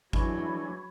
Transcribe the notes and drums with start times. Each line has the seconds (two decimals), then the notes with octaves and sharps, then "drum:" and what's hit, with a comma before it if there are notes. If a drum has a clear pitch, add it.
0.13 E3 F#3 G#3 D4 E4 B5 C#6 G#6, drum: kick